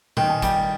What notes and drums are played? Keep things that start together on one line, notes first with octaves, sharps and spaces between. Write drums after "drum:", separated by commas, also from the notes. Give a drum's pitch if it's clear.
D#3 G5, drum: tom A#2
G#5
G3 G5, drum: kick, hi-hat